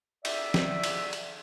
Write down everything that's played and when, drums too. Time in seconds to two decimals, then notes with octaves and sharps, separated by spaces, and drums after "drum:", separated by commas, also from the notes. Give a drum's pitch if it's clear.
0.25 D5 E5, drum: cymbal
0.54 drum: snare
0.83 drum: cymbal
1.13 drum: cymbal